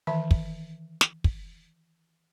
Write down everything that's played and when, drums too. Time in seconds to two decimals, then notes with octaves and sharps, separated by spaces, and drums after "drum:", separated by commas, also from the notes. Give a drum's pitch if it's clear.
0.07 D#3 E3 E5 A5
0.31 drum: kick
1.01 drum: snare
1.24 drum: kick